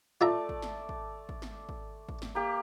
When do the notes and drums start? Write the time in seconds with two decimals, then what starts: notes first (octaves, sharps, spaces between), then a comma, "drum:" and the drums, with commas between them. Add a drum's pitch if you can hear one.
0.21 A3 F4 D5 E5 A5 A#5
0.49 drum: kick
0.62 drum: snare
0.89 drum: kick
1.29 drum: kick
1.42 drum: snare
1.69 drum: kick
2.09 drum: kick
2.22 drum: snare
2.35 A#3 G4